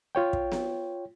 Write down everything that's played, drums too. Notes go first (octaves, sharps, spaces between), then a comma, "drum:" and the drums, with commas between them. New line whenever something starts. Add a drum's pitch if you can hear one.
F4 C#5 G5
drum: kick
drum: snare B3